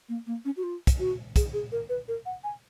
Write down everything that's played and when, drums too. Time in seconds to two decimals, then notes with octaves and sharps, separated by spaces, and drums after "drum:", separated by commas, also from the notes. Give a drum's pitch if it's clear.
0.09 A#3
0.27 A#3
0.45 C#4
0.57 F#4
0.63 F4
0.87 drum: kick, hi-hat
0.99 F#4
1.36 G#4, drum: kick, hi-hat
1.53 G#4
1.72 A#4
1.89 B4
2.08 A#4
2.26 F#5
2.44 G#5